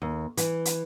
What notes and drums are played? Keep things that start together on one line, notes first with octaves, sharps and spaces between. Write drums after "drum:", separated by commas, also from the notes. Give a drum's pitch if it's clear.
D#2
E3, drum: hi-hat
drum: hi-hat